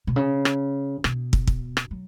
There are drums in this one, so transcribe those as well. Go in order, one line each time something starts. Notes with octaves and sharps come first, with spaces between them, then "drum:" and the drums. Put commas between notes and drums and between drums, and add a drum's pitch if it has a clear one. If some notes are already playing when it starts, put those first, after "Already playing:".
B2
C#3
drum: rim click
B2, drum: rim click
drum: kick
drum: kick
drum: rim click
F#3